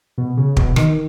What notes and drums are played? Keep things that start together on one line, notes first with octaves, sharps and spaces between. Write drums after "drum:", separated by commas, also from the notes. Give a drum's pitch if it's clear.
B2
C#3
B2, drum: kick
D#3, drum: rim click